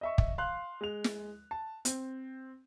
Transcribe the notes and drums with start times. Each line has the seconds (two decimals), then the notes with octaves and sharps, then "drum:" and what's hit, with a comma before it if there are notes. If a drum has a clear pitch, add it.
0.01 D#5 E5 C#6
0.18 drum: kick
0.38 F5 C6 F#6
0.81 G#3 F7
1.04 drum: snare
1.51 A5
1.85 C4, drum: hi-hat